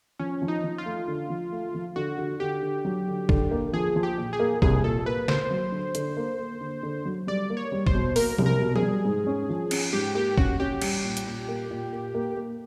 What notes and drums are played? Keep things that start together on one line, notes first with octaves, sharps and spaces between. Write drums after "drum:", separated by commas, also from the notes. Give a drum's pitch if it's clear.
F3 C#4
F3
D#4
F3
F4
A3
D3
F3
A3
F3
D3 F#4
D3
D3 G4
D3
F#3
D3
D3, drum: kick
A#3
F3 G#4
F3
G4
A#2
G#4
A#3
C2 G#4, drum: kick
A#2 A4
A#3 B4
A#3 C5, drum: snare
F#3
D3
D3, drum: hi-hat
A#3
A#3
D3
D3
F#3
G3 D5
A#3
C#5
G3
C5, drum: kick
B2
A#3 A#4, drum: open hi-hat
C2, drum: tom F3
A#4
B2
G#4, drum: tom F3
G3
G#2
C#4
F3
C#4, drum: cymbal
G#2 G4
A#3 G4
C#4 F#4, drum: kick
C#4 G4
G3, drum: cymbal
A#2
drum: hi-hat
A#2
A#3
A#2
A#3
A#3
A#3